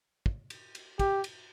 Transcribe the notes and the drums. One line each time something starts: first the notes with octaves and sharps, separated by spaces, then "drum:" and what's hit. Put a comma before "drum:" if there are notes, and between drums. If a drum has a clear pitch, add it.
drum: kick
drum: cymbal
drum: cymbal
G4, drum: kick, cymbal
drum: cymbal